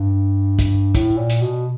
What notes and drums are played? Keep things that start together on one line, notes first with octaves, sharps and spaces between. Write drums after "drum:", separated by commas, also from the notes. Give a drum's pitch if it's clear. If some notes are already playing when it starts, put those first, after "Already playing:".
Already playing: G2
drum: kick, hi-hat
A2, drum: kick, hi-hat
A#2
drum: hi-hat
B2